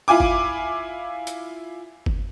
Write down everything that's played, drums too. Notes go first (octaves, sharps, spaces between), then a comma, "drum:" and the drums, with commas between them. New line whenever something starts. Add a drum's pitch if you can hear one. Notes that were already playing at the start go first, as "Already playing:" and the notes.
E4 F4 G#5 D6
drum: kick G1
drum: hi-hat
drum: kick G1